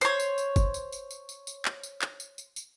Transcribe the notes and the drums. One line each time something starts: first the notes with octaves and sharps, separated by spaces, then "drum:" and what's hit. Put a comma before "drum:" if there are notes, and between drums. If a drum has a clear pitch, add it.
C5 C#5, drum: tambourine
drum: tambourine
drum: tambourine
drum: kick, tambourine
drum: tambourine
drum: tambourine
drum: tambourine
drum: tambourine
drum: tambourine
drum: clap
drum: tambourine
drum: clap
drum: tambourine
drum: tambourine
drum: tambourine